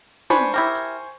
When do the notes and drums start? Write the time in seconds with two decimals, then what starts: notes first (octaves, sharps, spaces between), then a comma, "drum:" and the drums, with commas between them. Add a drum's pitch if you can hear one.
0.30 D4 B4 C5 G#5 C#6, drum: snare
0.54 E4 G4 A#4
0.75 drum: hi-hat